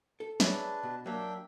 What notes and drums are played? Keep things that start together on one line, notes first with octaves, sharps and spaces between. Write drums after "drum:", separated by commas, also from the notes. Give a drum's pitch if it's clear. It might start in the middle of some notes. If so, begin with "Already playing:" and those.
A4
D4 G#4 B4 C#5 E5 A5, drum: snare
B2
F#3 A#3 D4 E5 G5